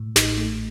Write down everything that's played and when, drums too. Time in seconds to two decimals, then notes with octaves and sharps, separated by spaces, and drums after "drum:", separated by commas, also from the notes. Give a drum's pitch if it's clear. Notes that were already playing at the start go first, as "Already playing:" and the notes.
Already playing: A2
0.16 A1 D#4, drum: snare
0.38 A3